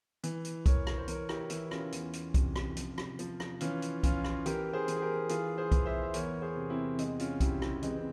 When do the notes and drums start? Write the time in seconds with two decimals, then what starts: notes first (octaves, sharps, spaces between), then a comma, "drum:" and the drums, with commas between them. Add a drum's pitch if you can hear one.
0.23 E3, drum: hi-hat
0.45 drum: hi-hat
0.66 E3 A#4 C#5, drum: kick B1, hi-hat
0.87 drum: rim click
0.98 C5
1.08 E3 A#4 C#5, drum: hi-hat
1.29 E4 G4, drum: rim click
1.50 E3 E4 G4, drum: hi-hat
1.71 C#4 F4, drum: rim click
1.92 E2, drum: hi-hat
2.13 drum: hi-hat
2.34 C3, drum: kick B1, hi-hat
2.56 drum: rim click
2.77 F3, drum: hi-hat
2.98 drum: rim click
3.19 F3, drum: hi-hat
3.40 drum: rim click
3.61 E3 C#4 F4, drum: hi-hat
3.82 drum: hi-hat
4.03 E3 C#4 F4, drum: kick B1, hi-hat
4.24 drum: rim click
4.46 E3 G4 A#4, drum: hi-hat
4.73 G#4 C5
4.88 E3, drum: hi-hat
4.97 G#4
5.02 G4 A#4
5.29 E3 F4 G#4, drum: hi-hat
5.58 G#4 C5
5.72 E3, drum: kick B1, hi-hat
5.86 C5 E5
6.03 E5
6.14 E2 A#4 C#5, drum: hi-hat
6.42 G#4 C5
6.56 C3
6.70 C4 E4
6.99 E2 G#3 C4, drum: hi-hat
7.20 C#4 F4, drum: hi-hat
7.40 C#3 E4 G4, drum: kick B1, hi-hat
7.62 E4 G4, drum: rim click
7.83 E3 G#3 C4, drum: hi-hat
7.97 C4